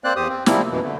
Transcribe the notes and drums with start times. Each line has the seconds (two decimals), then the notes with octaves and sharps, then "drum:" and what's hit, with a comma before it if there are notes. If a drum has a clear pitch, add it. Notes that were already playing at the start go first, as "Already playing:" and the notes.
0.04 A#3 C4 C5 D5 F#6
0.16 E2 G4 C5 D#6
0.28 C4
0.46 C3 F3 G3 A#3 C4 E4, drum: snare
0.71 F#2 B2 E3
0.83 D3 A3